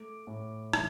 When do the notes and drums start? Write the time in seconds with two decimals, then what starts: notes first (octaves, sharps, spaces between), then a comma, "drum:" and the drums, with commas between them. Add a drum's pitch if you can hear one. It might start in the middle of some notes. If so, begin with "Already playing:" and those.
Already playing: A3 D6
0.27 A2
0.73 E3, drum: rim click